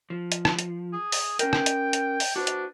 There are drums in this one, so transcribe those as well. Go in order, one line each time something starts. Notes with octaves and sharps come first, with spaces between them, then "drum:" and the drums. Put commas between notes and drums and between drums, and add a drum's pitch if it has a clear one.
F3
drum: hi-hat
drum: rim click
drum: hi-hat
G#4
drum: open hi-hat
C#4 A#4 G5, drum: hi-hat
drum: rim click
drum: hi-hat
drum: hi-hat
drum: open hi-hat
D4 F#4 B4 C5
drum: hi-hat